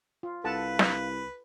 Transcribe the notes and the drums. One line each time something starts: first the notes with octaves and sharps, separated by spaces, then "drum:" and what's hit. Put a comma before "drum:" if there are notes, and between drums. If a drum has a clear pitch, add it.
F4
C2 A4 B4 F5 F#5 A5
drum: snare